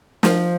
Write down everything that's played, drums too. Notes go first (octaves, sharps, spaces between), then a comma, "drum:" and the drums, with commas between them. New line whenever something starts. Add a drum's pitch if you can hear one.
F3, drum: snare